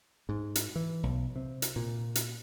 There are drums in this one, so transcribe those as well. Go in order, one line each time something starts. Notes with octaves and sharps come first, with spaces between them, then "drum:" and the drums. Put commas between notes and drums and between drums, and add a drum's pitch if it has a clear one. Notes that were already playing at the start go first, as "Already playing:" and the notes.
G#2
drum: hi-hat
E3
B1
C3
drum: hi-hat
A#2
drum: hi-hat